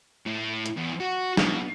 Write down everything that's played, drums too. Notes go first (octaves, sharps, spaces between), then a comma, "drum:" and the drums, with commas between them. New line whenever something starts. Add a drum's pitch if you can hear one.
A2
drum: hi-hat
E2
F#4
B2, drum: snare